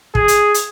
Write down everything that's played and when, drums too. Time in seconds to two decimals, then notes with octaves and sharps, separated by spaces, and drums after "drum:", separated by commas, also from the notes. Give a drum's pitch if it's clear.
0.15 G#4, drum: kick
0.28 drum: hi-hat
0.54 drum: hi-hat